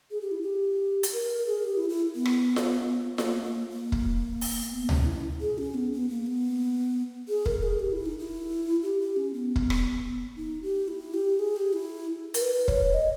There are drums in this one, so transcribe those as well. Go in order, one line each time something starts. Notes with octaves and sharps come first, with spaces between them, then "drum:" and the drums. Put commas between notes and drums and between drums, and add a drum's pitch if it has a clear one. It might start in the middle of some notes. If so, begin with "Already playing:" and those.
G#4
G4
E4
G4
drum: hi-hat
A#4
A#4
G#4
G4
E4
E4
B3
drum: rim click
drum: snare F4
A#3, drum: snare F4
A#3
A#3
drum: kick
drum: open hi-hat
B3
C#4, drum: tom C#2
E4
G#4
C#4
B3
B3
A#3
B3
G#4
A#4, drum: kick
G#4
G4
E4
D#4
E4
G4
G4
C#4
B3
drum: kick
drum: rim click
D#4
G4
E4
G4
G#4
G4
E4
A#4, drum: hi-hat
B4
C#5, drum: kick
D#5